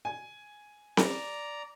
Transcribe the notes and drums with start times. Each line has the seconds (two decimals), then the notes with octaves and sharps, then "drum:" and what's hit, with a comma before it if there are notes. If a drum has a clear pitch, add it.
0.05 G#5
0.97 D5 A#5, drum: snare C4